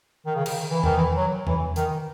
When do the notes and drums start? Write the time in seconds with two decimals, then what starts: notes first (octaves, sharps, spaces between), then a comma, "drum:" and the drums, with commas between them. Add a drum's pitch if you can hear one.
0.25 D#3
0.35 C#3
0.46 D#3, drum: cymbal
0.70 E3
0.83 D#3, drum: tom E2
0.96 E3
1.16 F#3
1.47 E3, drum: tom E2
1.76 D#3, drum: hi-hat